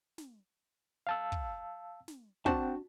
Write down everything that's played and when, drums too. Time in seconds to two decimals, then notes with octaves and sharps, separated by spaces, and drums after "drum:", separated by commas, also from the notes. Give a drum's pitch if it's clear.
0.18 drum: snare
1.07 F5 A5 E6
1.32 drum: kick
2.08 drum: snare
2.46 C4 D4 F#4 F#5 G5 A5, drum: kick